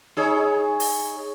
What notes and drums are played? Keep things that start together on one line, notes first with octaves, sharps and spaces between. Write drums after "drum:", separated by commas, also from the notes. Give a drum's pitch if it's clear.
D#4 G#4 C#5
drum: open hi-hat